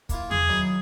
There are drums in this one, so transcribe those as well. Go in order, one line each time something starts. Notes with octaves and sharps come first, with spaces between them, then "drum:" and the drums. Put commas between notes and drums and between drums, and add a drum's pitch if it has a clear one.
A#3 E4 F4, drum: kick, hi-hat
G#4, drum: tom E2
D#3 F#3 E4